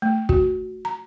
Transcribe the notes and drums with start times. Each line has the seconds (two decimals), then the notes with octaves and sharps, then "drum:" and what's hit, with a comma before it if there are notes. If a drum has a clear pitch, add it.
0.02 A3
0.29 F#4, drum: kick
0.85 A#5